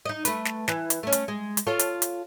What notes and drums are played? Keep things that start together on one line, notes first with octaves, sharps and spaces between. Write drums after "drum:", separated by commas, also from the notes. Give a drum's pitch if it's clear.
D#4 D#5
A3 B4, drum: hi-hat
drum: snare
E3, drum: snare
drum: hi-hat
A3 C#4
drum: hi-hat
G#3
drum: hi-hat
F4 A4 C#5
drum: hi-hat
drum: hi-hat